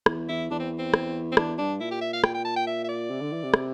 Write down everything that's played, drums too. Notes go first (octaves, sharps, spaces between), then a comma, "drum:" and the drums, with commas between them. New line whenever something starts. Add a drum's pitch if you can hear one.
E2, drum: rim click
E2 E4
E2 D4
C4
C4
drum: rim click
C4
E2 D4, drum: rim click
G2 D4
A#2 E4
G4
E5
F5
G5, drum: rim click
G5
A5
G5
E5
E5
D5
C3
D3
E3
C3
drum: rim click